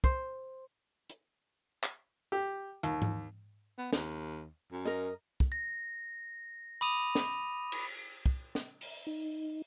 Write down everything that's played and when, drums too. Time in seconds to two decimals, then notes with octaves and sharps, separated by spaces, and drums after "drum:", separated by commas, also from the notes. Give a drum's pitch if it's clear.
0.04 C5, drum: kick
1.10 drum: hi-hat
1.83 drum: clap
2.32 G4
2.83 D#2, drum: hi-hat
3.02 drum: tom G#2
3.78 B3
3.93 D#2, drum: snare
4.72 F#2
4.85 A#4 D#5
5.40 drum: kick
5.52 A#6
6.81 B5 D6 D#6 D#7 F7
7.15 drum: snare
7.72 drum: cymbal
8.26 drum: kick
8.55 drum: snare
8.81 drum: open hi-hat
9.07 D#4